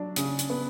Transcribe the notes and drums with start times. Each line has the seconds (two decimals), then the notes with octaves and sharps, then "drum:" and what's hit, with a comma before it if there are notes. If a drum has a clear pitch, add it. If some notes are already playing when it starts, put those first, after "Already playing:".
Already playing: F#3 D4
0.16 C#3, drum: hi-hat
0.39 drum: hi-hat
0.50 B3